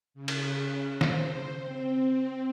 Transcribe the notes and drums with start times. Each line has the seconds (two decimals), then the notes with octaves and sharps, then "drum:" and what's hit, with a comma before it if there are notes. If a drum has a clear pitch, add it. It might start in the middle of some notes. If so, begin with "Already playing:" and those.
0.14 C#3
0.28 drum: cymbal
1.01 C5, drum: snare
1.59 C4